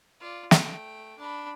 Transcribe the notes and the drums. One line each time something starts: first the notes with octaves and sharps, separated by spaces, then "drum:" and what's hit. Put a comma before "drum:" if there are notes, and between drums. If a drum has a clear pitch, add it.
F4 D5
A3 G5, drum: snare
D4 B5